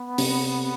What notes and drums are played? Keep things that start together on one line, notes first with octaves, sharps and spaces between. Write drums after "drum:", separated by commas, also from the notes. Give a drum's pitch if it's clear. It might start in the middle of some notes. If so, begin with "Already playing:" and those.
Already playing: B3
C3, drum: open hi-hat